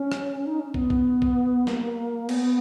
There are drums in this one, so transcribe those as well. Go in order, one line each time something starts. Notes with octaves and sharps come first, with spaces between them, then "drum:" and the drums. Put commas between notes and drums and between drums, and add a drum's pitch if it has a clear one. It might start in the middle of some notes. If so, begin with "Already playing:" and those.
Already playing: C#4
drum: rim click
D#4
C#4
B3, drum: kick
drum: kick
drum: kick
A#3, drum: snare
B3, drum: cymbal